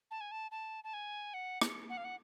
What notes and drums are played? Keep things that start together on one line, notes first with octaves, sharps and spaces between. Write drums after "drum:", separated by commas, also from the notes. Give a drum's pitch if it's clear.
A5
G#5
A5
A5
A5
G#5
F#5
drum: rim click
F#5
F5
F#5